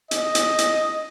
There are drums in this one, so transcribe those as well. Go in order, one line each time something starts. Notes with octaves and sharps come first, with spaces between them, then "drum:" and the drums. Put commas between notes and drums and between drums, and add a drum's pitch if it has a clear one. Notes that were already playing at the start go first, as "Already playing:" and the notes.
D#5, drum: hi-hat
drum: hi-hat
drum: hi-hat